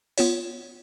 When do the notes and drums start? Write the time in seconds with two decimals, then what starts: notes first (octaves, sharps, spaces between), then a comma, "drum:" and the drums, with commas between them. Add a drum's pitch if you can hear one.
0.18 B3 F4 C#5, drum: open hi-hat